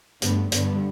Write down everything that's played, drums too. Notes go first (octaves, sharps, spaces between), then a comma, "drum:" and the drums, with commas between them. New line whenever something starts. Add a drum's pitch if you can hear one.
G2 D3 A3 B3, drum: hi-hat
G2 D3 G3 B3, drum: hi-hat